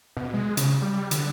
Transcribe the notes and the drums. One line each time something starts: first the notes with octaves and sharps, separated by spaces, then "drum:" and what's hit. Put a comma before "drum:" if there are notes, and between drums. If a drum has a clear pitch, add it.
B2
G#3
C#3, drum: hi-hat
G3
D3, drum: hi-hat